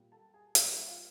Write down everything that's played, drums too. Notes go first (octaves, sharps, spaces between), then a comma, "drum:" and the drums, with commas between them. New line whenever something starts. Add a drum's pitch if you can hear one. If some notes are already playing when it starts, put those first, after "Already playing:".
Already playing: A#2 G3
A4 A5
G#4 G#5
A#2 G3 F4 F5, drum: hi-hat
E4 E5
F4 F5